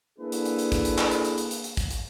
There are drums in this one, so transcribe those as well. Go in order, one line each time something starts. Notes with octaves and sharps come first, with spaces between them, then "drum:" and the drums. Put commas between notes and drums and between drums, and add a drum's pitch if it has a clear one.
A#3 D4 E4 G#4 A4 B4
drum: hi-hat
drum: hi-hat
drum: hi-hat
drum: kick, hi-hat
drum: hi-hat
drum: clap
drum: hi-hat
drum: hi-hat
drum: hi-hat
drum: hi-hat
drum: hi-hat
drum: kick, hi-hat
drum: hi-hat